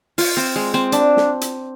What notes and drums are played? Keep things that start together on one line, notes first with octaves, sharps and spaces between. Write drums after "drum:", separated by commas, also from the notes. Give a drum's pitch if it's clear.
F4, drum: open hi-hat
C4
G#3
C4
D4, drum: hi-hat
drum: snare
drum: hi-hat